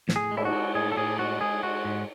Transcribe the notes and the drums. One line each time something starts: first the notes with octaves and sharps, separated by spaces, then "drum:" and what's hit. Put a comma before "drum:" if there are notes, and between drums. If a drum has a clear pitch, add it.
A2, drum: snare
G#4
G#3
E4, drum: cymbal
F#4
G#3
A2 G#4
A4
A2 G#4
G#3 F#4
G#3 G#4
G#3 F#4
G#2